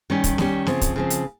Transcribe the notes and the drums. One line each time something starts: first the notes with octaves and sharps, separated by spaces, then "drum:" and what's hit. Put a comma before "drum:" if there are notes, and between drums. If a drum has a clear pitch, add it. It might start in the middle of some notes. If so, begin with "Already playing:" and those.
D#3 G3 C#4 G4
drum: kick, hi-hat
D#3 G3 C#4 G4, drum: snare
C#3 F3 C4, drum: snare
drum: kick, hi-hat
C#3 F3 C4
drum: hi-hat